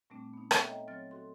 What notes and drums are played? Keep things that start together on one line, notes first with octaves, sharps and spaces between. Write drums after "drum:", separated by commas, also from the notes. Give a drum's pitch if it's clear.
A#2 G3 A3 C4 D4
B3 D#4
A4 C#5 E5 F#5 G5, drum: rim click
D#5 G5 A#5
F#3 C4 C#5 F6 A6
F#4 A4 C6